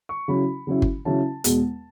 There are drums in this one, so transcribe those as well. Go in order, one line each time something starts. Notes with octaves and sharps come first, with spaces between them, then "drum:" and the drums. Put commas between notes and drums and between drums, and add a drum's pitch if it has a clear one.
C#6
C#3 F#3 C#4 E4 B5
C#3 F#3 C#4 E4
drum: kick G1
C#3 F#3 C#4 E4 A5
E2 B2 G#3, drum: hi-hat